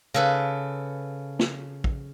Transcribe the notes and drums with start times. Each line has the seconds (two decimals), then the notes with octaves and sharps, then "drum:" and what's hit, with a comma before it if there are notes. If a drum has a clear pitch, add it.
0.14 C#3 A4 B4
1.39 drum: snare
1.84 drum: kick